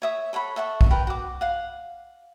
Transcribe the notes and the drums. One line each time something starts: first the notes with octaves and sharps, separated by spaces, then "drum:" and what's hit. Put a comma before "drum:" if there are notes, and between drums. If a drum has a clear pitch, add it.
C#5 E5 D#6
A4 C#5 F#5 B5
A4 E5 F#5 C#6
drum: kick A#1
A#4 B4 G5
F#4 D6
F5 F#5